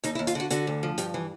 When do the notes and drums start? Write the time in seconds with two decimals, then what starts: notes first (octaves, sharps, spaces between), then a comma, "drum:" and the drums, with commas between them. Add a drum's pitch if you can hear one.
0.04 D#2 D#4, drum: hi-hat
0.15 E4
0.19 D#2
0.27 F4, drum: hi-hat
0.35 D3 F#4
0.50 D3 F#4, drum: hi-hat
0.67 D2
0.83 F3
0.98 G2 G4, drum: hi-hat
1.14 E3